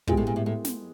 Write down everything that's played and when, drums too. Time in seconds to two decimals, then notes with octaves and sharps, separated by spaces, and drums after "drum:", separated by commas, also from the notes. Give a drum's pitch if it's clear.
0.07 A#2 G#3 B3 E4 G4, drum: kick
0.17 A2
0.27 A#2
0.36 A2
0.46 A2
0.65 drum: snare